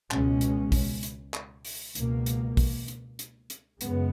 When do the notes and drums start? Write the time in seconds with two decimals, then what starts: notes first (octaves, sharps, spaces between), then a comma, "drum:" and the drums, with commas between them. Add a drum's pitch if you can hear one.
0.11 C#2 B2 G#3 C#4, drum: clap
0.41 drum: hi-hat
0.72 drum: kick A#1, open hi-hat
1.03 drum: hi-hat
1.34 drum: clap
1.65 drum: open hi-hat
1.95 C#2 B2 A#3, drum: hi-hat
2.26 drum: hi-hat
2.57 drum: kick A#1, open hi-hat
2.88 drum: hi-hat
3.19 drum: hi-hat
3.50 drum: hi-hat
3.81 F#2 C#3 G#3 B3, drum: hi-hat